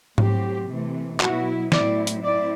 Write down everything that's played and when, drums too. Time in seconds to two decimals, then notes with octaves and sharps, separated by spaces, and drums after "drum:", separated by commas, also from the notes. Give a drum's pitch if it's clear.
0.18 A2 F#3 C4 G4, drum: tom G#2
0.69 C3 E3 A3
1.20 B2 F#3 B3 E4 F#4, drum: clap
1.72 A2 F#3 A3 C4 E4 D5, drum: snare
2.07 drum: hi-hat
2.23 C4 E4 D5